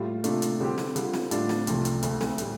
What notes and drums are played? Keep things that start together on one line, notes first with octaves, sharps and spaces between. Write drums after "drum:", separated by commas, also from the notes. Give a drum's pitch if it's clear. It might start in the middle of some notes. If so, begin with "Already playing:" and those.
Already playing: A2 G3 F4
C3 A3 D4 F4, drum: hi-hat
drum: hi-hat
D3 G3 C4 G4
drum: snare
D3 G3 F4, drum: hi-hat
drum: snare
A2 G3 D4 F4, drum: hi-hat
drum: snare
C2 C3 F3 A3, drum: hi-hat
drum: hi-hat
D2 D3 A3, drum: hi-hat
drum: snare
A2 G3, drum: hi-hat